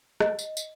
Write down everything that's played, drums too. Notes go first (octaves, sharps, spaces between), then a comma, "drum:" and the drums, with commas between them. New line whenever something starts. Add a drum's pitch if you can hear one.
D#5, drum: rim click
drum: tambourine
drum: tambourine